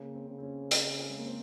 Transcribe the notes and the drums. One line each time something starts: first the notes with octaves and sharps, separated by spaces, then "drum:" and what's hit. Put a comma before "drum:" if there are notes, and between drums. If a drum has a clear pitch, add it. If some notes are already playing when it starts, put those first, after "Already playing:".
Already playing: C#3 A#3
C4
C#3
C4
C#4
C4, drum: hi-hat
C4
G#3
A#3
C4